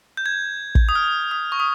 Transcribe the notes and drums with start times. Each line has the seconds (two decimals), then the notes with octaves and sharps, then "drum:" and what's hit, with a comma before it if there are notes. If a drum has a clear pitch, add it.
0.17 G6
0.26 G#6
0.75 drum: kick
0.89 D#6
0.95 F6
1.31 D#6
1.52 C#6
1.60 D#6